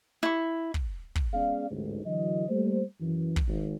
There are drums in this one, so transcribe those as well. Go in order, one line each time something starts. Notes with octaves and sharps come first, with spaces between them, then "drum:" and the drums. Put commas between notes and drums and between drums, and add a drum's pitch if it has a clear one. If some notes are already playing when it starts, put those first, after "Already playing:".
E4 C#6
drum: kick
drum: kick
G#3 B3 C#4 G#4 D5 F5
A1 D2 G#2
D3 E3 F#3 D#5
G3 A3 A#3 C5
F#2 E3
drum: kick
G#1